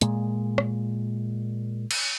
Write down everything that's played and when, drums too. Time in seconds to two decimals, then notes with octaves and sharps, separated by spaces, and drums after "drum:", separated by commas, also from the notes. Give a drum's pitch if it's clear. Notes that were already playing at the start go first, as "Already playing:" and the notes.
0.01 A#2 G#3, drum: hi-hat
0.58 drum: rim click
1.91 drum: cymbal